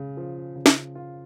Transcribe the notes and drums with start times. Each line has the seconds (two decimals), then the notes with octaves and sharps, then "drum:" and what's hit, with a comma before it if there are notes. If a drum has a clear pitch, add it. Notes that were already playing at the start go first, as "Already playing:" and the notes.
Already playing: C#3 G#3
0.17 F3
0.56 C#3
0.66 drum: snare
0.95 F4